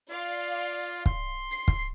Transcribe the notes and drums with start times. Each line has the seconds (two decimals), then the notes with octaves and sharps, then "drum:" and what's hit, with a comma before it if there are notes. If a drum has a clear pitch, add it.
0.10 F4 D5 F5 C6
1.06 C6, drum: kick
1.52 C7
1.68 drum: kick